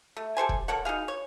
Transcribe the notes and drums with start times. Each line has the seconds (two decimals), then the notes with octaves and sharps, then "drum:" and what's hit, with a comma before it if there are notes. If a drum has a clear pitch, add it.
0.17 A3
0.37 G4 A4 C5 G#5
0.49 drum: kick
0.68 A#3 A4 C#5 F#5
0.85 D#4 F#4 G#4 F5
1.08 C#5